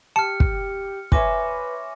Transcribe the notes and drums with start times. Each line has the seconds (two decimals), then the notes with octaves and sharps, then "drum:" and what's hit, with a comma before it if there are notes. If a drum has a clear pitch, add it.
0.16 G4 A5 F6 C#7
0.40 drum: kick
1.12 B4 C#5 E5 G#5 C6 D6 A#6, drum: kick